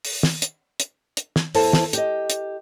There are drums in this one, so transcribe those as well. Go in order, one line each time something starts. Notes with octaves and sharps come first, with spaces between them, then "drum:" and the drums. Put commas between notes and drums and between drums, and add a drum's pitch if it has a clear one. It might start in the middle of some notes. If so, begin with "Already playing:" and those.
drum: open hi-hat
drum: snare
drum: hi-hat
drum: hi-hat
drum: hi-hat
drum: snare
E2 E4 A4 C5 A5, drum: open hi-hat
drum: snare
G4 D#5, drum: hi-hat
drum: hi-hat